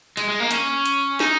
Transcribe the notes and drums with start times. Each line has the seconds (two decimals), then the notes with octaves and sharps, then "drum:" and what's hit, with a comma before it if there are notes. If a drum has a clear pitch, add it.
0.17 G#3, drum: hi-hat
0.29 G#3
0.40 A#3
0.51 C#4, drum: hi-hat
0.86 drum: hi-hat
1.20 D#4, drum: snare